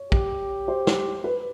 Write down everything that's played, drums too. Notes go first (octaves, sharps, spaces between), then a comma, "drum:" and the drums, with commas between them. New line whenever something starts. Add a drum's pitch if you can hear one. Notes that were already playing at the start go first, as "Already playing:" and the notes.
Already playing: C#5
G4, drum: kick
C5
drum: snare
B4